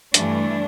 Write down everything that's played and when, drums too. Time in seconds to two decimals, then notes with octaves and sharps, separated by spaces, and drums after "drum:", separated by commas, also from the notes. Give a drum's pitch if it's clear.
0.14 G2 E3 A3 D4, drum: hi-hat